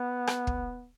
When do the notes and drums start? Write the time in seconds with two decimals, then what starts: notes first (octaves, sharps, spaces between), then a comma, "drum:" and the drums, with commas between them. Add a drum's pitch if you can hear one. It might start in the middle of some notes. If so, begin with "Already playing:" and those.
Already playing: B3
0.27 drum: rim click
0.47 drum: kick